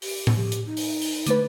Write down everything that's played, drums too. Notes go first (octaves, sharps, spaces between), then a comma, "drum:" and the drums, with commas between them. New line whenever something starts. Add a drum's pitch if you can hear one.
G4, drum: open hi-hat
drum: tom A2
G4
drum: hi-hat
D#4
drum: open hi-hat
drum: open hi-hat
D3 A3 B4, drum: hi-hat